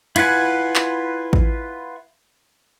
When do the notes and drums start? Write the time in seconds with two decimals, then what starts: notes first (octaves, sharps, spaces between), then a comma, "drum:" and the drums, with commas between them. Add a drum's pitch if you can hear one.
0.16 E4 F4 B4 F#5 G#5, drum: cymbal
0.76 drum: clap
1.33 drum: kick